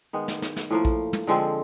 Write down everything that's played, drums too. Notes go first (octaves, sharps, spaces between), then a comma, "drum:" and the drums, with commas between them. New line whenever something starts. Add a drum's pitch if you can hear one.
D#3 G#3 B3
drum: snare
drum: snare
drum: snare
A2 F3 A#3
drum: kick A#1
drum: tom
D3 F3 G#3 C4